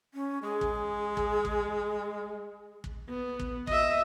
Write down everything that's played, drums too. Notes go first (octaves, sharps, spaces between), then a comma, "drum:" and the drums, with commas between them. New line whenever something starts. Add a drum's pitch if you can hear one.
C#4
G#3 G#4
drum: kick
drum: kick
drum: kick
drum: kick
B3
drum: kick
D#5 E5, drum: kick